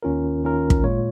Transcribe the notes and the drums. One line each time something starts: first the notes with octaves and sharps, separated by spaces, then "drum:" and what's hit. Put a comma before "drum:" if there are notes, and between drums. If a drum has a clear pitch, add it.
D#2 D#3 C#4 F4 A#4
D#2 D#3 C#4 F4 A#4
drum: kick
A#2 G#3 F4 C#5